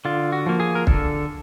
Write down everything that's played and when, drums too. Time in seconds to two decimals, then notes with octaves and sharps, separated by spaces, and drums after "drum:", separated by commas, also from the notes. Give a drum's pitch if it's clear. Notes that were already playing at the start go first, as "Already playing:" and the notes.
0.05 D3 F4
0.32 F#4
0.46 F3 A#3
0.60 G#4
0.75 A#4
0.87 D3 A4, drum: kick